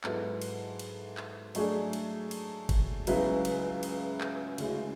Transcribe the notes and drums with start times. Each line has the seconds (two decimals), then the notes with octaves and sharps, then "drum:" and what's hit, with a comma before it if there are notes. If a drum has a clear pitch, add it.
0.04 G#2 F#3 B3 E4 A4, drum: clap
0.42 drum: cymbal
0.79 drum: cymbal
1.17 drum: clap
1.55 F#3 A3 D4 G#4, drum: cymbal
1.93 drum: cymbal
2.31 drum: cymbal
2.69 drum: kick F#1, cymbal
3.07 C#2 C#3 F#3 B3 E4, drum: cymbal
3.45 drum: cymbal
3.83 drum: cymbal
4.21 drum: clap
4.58 D2 C#3 G#3 C#4 E4, drum: cymbal